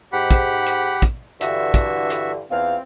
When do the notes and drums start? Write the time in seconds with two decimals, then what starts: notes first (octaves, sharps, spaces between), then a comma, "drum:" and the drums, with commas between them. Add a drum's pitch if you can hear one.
0.13 G#2 G4 F#5 B5
0.31 drum: kick, hi-hat
0.66 drum: hi-hat
1.02 drum: kick, hi-hat
1.41 G2 D3 E3 F#4 E5, drum: hi-hat
1.74 drum: kick, hi-hat
2.10 drum: hi-hat
2.51 E2 C4 F4 F5